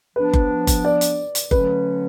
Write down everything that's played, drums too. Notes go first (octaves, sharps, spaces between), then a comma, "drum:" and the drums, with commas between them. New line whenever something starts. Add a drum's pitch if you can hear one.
F3 B3 D4 B4
drum: kick F#1
drum: kick F#1, hi-hat
D5
drum: hi-hat
drum: hi-hat
D3 F#3 A3 C#4 B4, drum: kick F#1